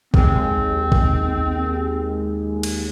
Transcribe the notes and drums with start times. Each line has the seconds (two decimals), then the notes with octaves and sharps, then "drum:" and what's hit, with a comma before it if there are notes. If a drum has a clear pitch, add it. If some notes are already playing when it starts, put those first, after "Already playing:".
0.14 D#2 G#3 C4, drum: kick A1
0.92 drum: kick A1
2.63 drum: cymbal